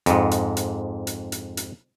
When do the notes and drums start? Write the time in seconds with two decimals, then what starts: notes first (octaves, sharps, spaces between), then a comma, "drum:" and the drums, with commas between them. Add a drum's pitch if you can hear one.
0.06 F2 G#2, drum: hi-hat
0.31 drum: hi-hat
0.57 drum: hi-hat
1.07 drum: hi-hat
1.32 drum: hi-hat
1.57 drum: hi-hat